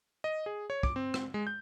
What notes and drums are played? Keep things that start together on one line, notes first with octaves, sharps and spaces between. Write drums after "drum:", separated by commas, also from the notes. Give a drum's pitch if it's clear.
D#5
G#4
C#5
D6, drum: kick
C4
drum: rim click
G#3
G6